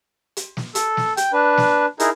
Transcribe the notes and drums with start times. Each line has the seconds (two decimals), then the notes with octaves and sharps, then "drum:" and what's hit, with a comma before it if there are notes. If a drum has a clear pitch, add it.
0.37 drum: hi-hat
0.57 drum: snare
0.75 A4, drum: hi-hat
0.97 drum: snare
1.17 G5, drum: hi-hat
1.33 D4 B4
1.58 drum: snare
2.00 D#4 E4 G#4 A#4, drum: hi-hat